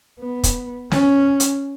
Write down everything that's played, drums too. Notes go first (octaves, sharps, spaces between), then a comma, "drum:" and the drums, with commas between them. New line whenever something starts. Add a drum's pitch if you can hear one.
B3
drum: kick, hi-hat
C#4, drum: snare
drum: hi-hat